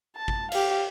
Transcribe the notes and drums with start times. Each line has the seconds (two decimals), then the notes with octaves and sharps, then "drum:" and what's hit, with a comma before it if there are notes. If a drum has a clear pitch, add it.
0.16 A5
0.28 drum: kick G#1
0.52 G4 F5, drum: cymbal